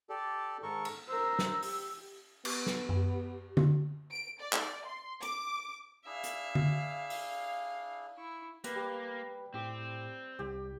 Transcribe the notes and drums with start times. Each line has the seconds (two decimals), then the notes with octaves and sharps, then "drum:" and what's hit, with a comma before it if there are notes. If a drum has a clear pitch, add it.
0.09 G4 A4 D5
0.63 G#2 D#3 A4 A#4 C#6
0.85 drum: cymbal
1.08 A#4 C5 E6
1.39 drum: snare
1.62 G4, drum: open hi-hat
2.45 B3 G4, drum: cymbal
2.66 drum: snare
2.89 drum: tom F#2
3.57 drum: tom D3
4.11 D7
4.41 D5
4.53 drum: clap
4.86 C6
5.22 D6, drum: hi-hat
6.06 D4 E4 G#4 E5 F5
6.24 drum: hi-hat
6.55 drum: tom D3
7.10 F5, drum: open hi-hat
8.18 E4 C#6
8.64 A#3 G4 B4 B5, drum: hi-hat
8.76 G3
9.54 A2 C4 G4
10.39 C2 G4